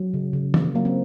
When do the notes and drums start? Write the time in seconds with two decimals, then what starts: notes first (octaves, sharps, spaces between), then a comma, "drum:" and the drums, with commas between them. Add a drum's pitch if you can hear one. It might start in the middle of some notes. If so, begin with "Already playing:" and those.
Already playing: F#3
0.14 C#3
0.33 C#3
0.54 A#3, drum: tom
0.75 F#3 A#3
0.85 C4